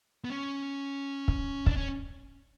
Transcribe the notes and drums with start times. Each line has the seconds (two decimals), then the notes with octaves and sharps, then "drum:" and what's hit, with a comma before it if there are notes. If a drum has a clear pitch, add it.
0.24 B3
0.30 C#4
1.28 drum: kick
1.66 D4, drum: kick
1.76 C#4